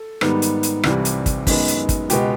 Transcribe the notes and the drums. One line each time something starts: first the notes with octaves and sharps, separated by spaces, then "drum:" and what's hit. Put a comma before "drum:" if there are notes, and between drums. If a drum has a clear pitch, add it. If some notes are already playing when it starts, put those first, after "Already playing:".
Already playing: A4
G#2 D#3 G3 B3, drum: rim click
drum: hi-hat
drum: hi-hat
C2 C3 E3 G3, drum: rim click
drum: hi-hat
drum: kick, hi-hat
F#2 D#3 G#3 B3, drum: kick, open hi-hat
drum: hi-hat
drum: kick, hi-hat
C#2 B2 G#3 B3 G4, drum: hi-hat